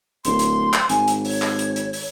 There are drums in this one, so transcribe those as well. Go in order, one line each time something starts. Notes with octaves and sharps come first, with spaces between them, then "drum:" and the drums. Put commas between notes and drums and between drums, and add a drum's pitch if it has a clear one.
D1 C6, drum: hi-hat
drum: hi-hat
drum: clap
G#1 G#5, drum: hi-hat
drum: hi-hat
C#5, drum: open hi-hat
drum: clap
drum: hi-hat
drum: hi-hat
drum: open hi-hat